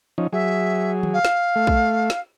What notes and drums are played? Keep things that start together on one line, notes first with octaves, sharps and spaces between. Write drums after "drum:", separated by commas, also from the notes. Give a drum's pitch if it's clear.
F3 C#4 D#4
F#3 G#4 E5
drum: tom D#3
F5
drum: snare
A3
drum: kick A#1
drum: snare